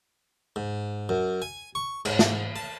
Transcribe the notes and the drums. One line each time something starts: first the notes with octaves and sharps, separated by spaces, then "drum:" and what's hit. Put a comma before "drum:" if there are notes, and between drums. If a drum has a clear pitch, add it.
G#2
F#2
G#5
C#6
G#2, drum: cymbal
drum: snare
A5